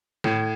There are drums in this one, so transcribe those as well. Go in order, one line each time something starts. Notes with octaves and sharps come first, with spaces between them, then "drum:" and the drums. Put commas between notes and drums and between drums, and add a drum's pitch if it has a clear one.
A2, drum: snare